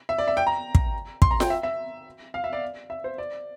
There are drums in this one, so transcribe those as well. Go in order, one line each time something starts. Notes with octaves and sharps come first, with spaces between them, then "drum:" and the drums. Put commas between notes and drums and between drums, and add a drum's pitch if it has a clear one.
E5
D5
E5
G5
A#5
drum: kick
C6, drum: kick
A#5
G5, drum: snare F4
E5
E5
F5
E5
D5
E5
C5
D5